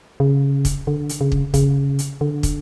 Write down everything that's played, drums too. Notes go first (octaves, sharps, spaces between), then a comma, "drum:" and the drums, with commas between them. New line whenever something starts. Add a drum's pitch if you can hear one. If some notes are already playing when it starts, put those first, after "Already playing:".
C#3
drum: kick, hi-hat
D3
drum: hi-hat
C#3
drum: kick
C#3, drum: kick, hi-hat
drum: hi-hat
D3
drum: kick, hi-hat